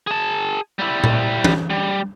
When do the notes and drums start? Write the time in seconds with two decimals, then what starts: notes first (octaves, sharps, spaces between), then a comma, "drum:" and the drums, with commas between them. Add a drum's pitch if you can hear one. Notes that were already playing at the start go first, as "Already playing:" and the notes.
0.07 G#4 A5
0.79 G3 E4
1.04 drum: tom A#2
1.44 drum: tom E3
1.70 G3